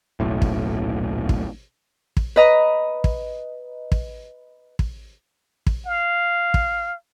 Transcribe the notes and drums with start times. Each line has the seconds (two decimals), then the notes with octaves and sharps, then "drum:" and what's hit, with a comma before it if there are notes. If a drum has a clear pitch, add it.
0.20 D#1 B1 A2
0.42 drum: kick
1.29 drum: kick
2.17 drum: kick
2.36 B4 D#5 A#5
3.04 drum: kick
3.92 drum: kick
4.79 drum: kick
5.67 drum: kick
5.86 F5
6.54 drum: kick